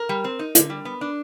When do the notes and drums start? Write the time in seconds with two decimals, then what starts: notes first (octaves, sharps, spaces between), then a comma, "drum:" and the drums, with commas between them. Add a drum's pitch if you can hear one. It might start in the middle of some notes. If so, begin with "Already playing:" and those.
Already playing: A#4
0.09 G3
0.24 C4
0.39 D#4
0.55 D3, drum: hi-hat
0.70 G3
0.85 B3
1.01 D4